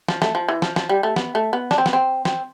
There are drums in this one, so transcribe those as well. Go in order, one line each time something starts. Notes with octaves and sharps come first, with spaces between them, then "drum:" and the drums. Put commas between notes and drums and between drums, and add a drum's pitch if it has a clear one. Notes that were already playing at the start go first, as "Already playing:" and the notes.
F3, drum: snare
A3, drum: snare
F3
E3
F3, drum: snare
F3, drum: snare
G3
A3
B3, drum: snare
A3
B3
D4, drum: snare
C4
B3, drum: snare
C4
C4, drum: snare